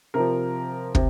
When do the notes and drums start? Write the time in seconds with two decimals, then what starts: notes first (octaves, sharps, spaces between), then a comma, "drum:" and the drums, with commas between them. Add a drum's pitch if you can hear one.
0.14 C3 F3 A#4
0.95 C3, drum: kick